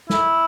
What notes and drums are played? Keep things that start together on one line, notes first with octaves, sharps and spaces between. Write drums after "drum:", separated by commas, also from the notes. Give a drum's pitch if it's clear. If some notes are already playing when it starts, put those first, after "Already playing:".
E4, drum: snare